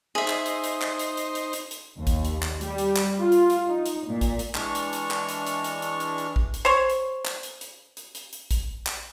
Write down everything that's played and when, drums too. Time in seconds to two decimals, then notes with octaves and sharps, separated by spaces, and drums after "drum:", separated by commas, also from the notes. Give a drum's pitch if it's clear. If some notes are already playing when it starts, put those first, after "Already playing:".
0.15 D#4 G#4 C5 E5
0.28 drum: clap
0.46 drum: hi-hat
0.64 drum: hi-hat
0.82 drum: clap
0.99 drum: hi-hat
1.17 drum: hi-hat
1.35 drum: hi-hat
1.53 drum: hi-hat
1.71 drum: hi-hat
1.97 D#2
2.07 drum: kick A#1, hi-hat
2.25 drum: hi-hat
2.43 drum: clap
2.61 G3, drum: hi-hat
2.78 drum: hi-hat
2.96 drum: clap
3.19 F4
3.32 drum: hi-hat
3.50 drum: hi-hat
3.68 D#4
3.86 drum: hi-hat
4.07 A#2
4.21 drum: kick A#1, hi-hat
4.39 drum: hi-hat
4.55 E3 G#3 D4 C#6 F6, drum: clap
4.75 drum: hi-hat
4.93 drum: hi-hat
5.11 drum: clap
5.29 drum: hi-hat
5.47 drum: hi-hat
5.64 drum: hi-hat
5.82 drum: hi-hat
6.00 drum: hi-hat
6.18 drum: hi-hat
6.36 drum: kick A#1
6.54 drum: hi-hat
6.65 C5 C#5
6.90 drum: hi-hat
7.25 drum: clap
7.43 drum: hi-hat
7.61 drum: hi-hat
7.97 drum: hi-hat
8.15 drum: hi-hat
8.33 drum: hi-hat
8.51 drum: kick A#1, hi-hat
8.86 drum: clap